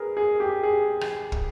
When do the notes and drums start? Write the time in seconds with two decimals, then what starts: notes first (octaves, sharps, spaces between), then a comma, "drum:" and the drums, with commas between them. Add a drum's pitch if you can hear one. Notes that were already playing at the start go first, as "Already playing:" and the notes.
Already playing: G#4 A#4 B4
0.17 G#4
0.40 G4
0.63 G#4
1.01 drum: rim click
1.32 drum: kick